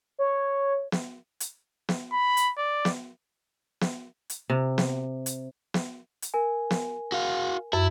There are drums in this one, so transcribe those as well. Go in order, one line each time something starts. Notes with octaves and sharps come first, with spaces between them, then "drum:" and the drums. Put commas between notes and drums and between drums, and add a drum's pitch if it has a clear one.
C#5
drum: snare
drum: hi-hat
drum: snare
B5
drum: hi-hat
D5
drum: snare
drum: snare
drum: hi-hat
C3
drum: snare
drum: hi-hat
drum: snare
drum: hi-hat
A#4 G#5
drum: snare
F#4 F5
F#2 E4